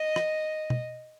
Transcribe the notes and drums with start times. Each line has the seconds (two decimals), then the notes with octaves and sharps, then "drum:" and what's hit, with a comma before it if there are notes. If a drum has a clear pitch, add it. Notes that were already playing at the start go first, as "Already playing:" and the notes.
Already playing: D#5
0.16 drum: rim click
0.70 drum: tom